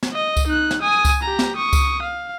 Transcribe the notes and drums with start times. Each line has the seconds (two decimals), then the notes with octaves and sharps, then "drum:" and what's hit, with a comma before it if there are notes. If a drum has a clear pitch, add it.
0.03 drum: snare
0.13 D#5
0.37 drum: kick C#2, tambourine
0.47 D#4 F#6
0.71 drum: snare
0.81 G#5 D#6
1.05 drum: kick C#2, tambourine
1.23 G4 A#5
1.39 drum: snare
1.56 C#6 D#6
1.73 drum: kick C#2, tambourine
2.02 F5